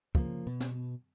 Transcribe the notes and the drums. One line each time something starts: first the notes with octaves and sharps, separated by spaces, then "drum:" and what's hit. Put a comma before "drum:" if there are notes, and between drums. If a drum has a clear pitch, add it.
C#3 F3 F#3 A#3, drum: kick
B2
drum: snare